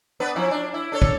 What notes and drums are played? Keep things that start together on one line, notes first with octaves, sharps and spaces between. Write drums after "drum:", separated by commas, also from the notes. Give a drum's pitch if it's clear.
B3 D4 B4
F3 C#4 E4
D4
E4
D4 A4 C#5
drum: kick